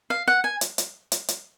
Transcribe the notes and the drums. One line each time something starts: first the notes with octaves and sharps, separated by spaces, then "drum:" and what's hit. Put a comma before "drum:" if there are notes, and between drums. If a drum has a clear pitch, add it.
F5
F#5
G#5
drum: hi-hat
drum: hi-hat
drum: hi-hat
drum: hi-hat